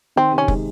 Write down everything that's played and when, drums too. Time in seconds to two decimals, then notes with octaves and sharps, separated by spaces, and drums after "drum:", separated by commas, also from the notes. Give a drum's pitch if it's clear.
0.16 D#3 C4
0.32 C3
0.38 C#4
0.48 G#3, drum: kick F1